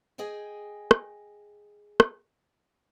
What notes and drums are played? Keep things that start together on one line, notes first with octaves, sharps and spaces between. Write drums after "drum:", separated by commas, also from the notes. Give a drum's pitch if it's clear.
G#4 D#5 G5 G#5
drum: rim click
drum: rim click